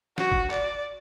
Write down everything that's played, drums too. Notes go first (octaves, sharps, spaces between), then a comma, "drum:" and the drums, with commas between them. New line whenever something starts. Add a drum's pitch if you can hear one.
F#4, drum: snare
drum: kick G1
D5, drum: clap